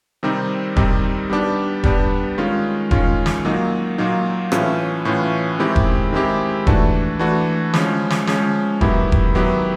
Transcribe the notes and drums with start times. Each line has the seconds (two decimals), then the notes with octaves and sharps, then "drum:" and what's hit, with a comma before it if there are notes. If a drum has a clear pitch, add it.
0.23 C3 D#3 G3 C4 D#4
0.76 C3 D#3 G3 C4 D#4, drum: kick E1
1.30 G3 B3 D4 G4
1.83 G3 B3 D4 G4, drum: kick E1
2.38 D#3 G#3 C#4 F4
2.91 D#3 G#3 C#4 F4, drum: kick E1
3.26 drum: snare
3.45 A#2 F#3 A#3 D#4
3.98 A#2 F#3 A#3 D#4
4.52 A2 E3 A3 C#4 F4, drum: rim click
5.05 A2 E3 A3 C#4 F4
5.59 D#3 G#3 C4 E4 G4
5.76 drum: kick E1
6.12 D#3 G#3 C4 E4 G4
6.67 E3 A3 D4 F#4, drum: kick E1
7.19 E3 A3 D4 F#4
7.73 F3 G#3 C#4, drum: snare
8.10 drum: snare
8.27 F3 G#3 C#4, drum: snare
8.81 D#3 F#3 B3 E4 G4, drum: kick E1
9.12 drum: kick E1
9.35 D#3 F#3 B3 E4 G4